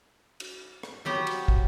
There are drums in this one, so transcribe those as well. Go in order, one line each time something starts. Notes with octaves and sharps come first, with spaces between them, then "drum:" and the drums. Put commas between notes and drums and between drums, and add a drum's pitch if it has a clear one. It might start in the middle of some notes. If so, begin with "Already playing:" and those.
drum: cymbal
drum: rim click
F#3 B3 G4
drum: cymbal
drum: kick